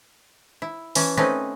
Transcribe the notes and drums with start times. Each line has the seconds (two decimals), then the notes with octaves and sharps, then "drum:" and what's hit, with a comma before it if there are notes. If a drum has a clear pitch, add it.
0.62 E4
0.95 E3 C#4 A5, drum: open hi-hat
1.17 A3 C4 C#4 D#4 B4 D#5